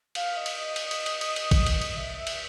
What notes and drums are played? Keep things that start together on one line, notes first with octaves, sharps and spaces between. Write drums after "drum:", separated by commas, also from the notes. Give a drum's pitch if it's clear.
F5, drum: cymbal
D#5
drum: cymbal
D#5
drum: cymbal
drum: cymbal
drum: cymbal
drum: cymbal
drum: cymbal
drum: kick, cymbal
drum: cymbal
drum: cymbal
E5
E5
drum: cymbal